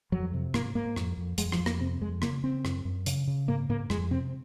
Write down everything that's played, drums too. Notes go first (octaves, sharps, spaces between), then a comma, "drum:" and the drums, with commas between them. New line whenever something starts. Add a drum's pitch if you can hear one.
F2 F#3
C3
G#2 A#3, drum: rim click
G#2 A#3
F2, drum: rim click
F2
F2 G#3, drum: hi-hat
F3, drum: rim click
F2
A#3, drum: rim click
C3 C4
F2 G#3
C#3 A#3, drum: rim click
C#3 C4
F#2, drum: rim click
F#2
C#3, drum: hi-hat
C#3
G#2 A#3
G#2 A#3
F2 G#3, drum: rim click
C3 C4